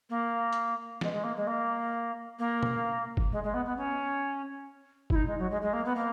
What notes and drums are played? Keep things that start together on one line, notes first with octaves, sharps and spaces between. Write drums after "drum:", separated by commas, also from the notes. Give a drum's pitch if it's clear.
A#3
drum: hi-hat
G#3, drum: snare
G#3
A#3
G#3
A#3
A#3
drum: tom B2
drum: kick
G#3
G#3
B3
B3
C#4
E4, drum: kick
D#4
G#3
F#3
G#3
G#3
A#3
B3
A#3